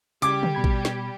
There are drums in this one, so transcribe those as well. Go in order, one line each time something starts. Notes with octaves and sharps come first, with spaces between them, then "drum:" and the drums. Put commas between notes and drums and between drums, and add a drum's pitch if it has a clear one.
C#3 G3 G4 D6 G#6, drum: hi-hat
drum: tom C#3
B2 B5 G#6
drum: kick A1
drum: snare